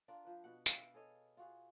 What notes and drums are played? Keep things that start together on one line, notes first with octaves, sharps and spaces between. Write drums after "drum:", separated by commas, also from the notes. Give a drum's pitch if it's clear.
D4 F4 A#4
F3 B4
B2 F#5
B4 E5 F5, drum: tambourine
G#4 A4 C#5 D#5
F4 F#4 G#4